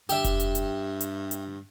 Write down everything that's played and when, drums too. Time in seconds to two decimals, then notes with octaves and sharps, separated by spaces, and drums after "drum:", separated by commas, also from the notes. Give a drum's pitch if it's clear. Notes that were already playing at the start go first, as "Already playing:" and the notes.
0.09 G2 G4 E5, drum: hi-hat
0.24 drum: kick F1, hi-hat
0.40 drum: hi-hat
0.55 drum: hi-hat
1.01 drum: hi-hat
1.31 drum: hi-hat